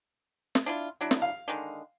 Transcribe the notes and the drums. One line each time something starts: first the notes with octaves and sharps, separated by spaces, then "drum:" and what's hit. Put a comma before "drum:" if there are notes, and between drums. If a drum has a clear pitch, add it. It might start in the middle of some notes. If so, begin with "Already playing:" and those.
drum: snare
D4 E4 F4
F#3 D4 E4
drum: snare
F5
D3 D#3 G#3